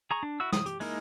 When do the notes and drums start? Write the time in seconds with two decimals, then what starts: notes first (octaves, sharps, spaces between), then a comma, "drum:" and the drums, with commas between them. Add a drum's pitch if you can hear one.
0.11 G#4 A#5 C#6
0.23 D4
0.40 E4 F#4 E6
0.52 D#6, drum: snare
0.66 G4, drum: hi-hat
0.80 G#3 A#3 D#4 E4 A#4, drum: open hi-hat